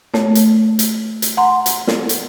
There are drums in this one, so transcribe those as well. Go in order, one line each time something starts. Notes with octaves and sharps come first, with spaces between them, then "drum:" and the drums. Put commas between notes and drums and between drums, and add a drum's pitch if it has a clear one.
A3 C#5, drum: snare
drum: hi-hat
drum: hi-hat
drum: hi-hat
F#5 A#5 C6
drum: hi-hat
drum: snare
drum: hi-hat